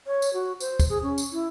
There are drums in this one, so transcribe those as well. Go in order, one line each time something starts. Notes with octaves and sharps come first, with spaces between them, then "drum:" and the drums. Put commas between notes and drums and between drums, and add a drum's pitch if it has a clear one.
C#5
drum: tambourine
F#4
C5, drum: tambourine
drum: kick D2, tambourine
G#4
C#4
drum: tambourine
E4